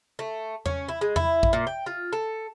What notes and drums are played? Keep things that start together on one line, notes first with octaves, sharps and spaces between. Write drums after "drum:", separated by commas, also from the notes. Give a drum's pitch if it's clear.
A3
C#4, drum: tom E2
E4
G#3
E4, drum: tom E2
drum: kick A1
A#2
G5
F4
A4